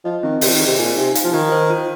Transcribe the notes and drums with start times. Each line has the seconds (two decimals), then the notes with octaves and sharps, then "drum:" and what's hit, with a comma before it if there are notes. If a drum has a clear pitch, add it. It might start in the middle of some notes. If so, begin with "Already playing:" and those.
0.04 F3 D#5
0.23 D#3 C4
0.41 C3 D#5, drum: open hi-hat
0.48 F3
0.54 D#3
0.60 G#4
0.67 C3
0.78 A#2 G#5
0.97 C3 D#4
1.15 F5, drum: hi-hat
1.24 F3
1.34 D#3 D#4
1.52 C5
1.70 F4